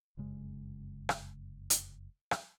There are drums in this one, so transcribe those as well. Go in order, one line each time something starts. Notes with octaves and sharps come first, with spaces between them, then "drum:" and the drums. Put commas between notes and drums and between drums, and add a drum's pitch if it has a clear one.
F1 F#2 C#3 G#3
drum: rim click
drum: hi-hat
drum: rim click